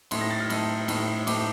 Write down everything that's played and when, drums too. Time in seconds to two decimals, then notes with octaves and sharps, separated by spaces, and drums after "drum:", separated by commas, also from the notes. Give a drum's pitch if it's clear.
0.11 A2 A3 D#4 C6, drum: cymbal
0.21 A#6
0.30 A6
0.40 F6
0.50 A2 A3 D#4, drum: cymbal
0.88 A2 A3 D#4, drum: cymbal
1.27 A2 A3 D#4 D6, drum: cymbal